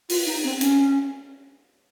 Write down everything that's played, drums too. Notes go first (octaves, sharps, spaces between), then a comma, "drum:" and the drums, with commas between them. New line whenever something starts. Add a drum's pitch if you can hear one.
F4, drum: open hi-hat
D#4
C4
C#4, drum: hi-hat